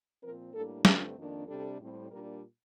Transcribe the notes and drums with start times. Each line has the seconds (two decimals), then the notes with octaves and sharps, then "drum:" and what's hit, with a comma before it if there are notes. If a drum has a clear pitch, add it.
0.22 A#2 F3 C4 A#4
0.53 A2 G3 A#3 D4 A4
0.85 G2 D3 A3 C4 F4, drum: snare
1.16 F2 D#3 A#3 D4
1.47 C3 G3 D4 A4
1.79 A2 G3 C4
2.10 A#2 G3 A#3 D4 A#4